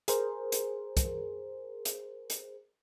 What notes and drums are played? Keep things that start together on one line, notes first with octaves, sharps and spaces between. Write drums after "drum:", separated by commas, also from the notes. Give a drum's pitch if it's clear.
G#4 A#4 C5, drum: hi-hat
drum: hi-hat
drum: kick, hi-hat
drum: hi-hat
drum: hi-hat